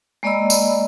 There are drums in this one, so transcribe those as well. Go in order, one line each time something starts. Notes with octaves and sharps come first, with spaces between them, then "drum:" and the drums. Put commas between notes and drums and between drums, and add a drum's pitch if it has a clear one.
G#3 A#3 D5 D#5 B5 E6
drum: tambourine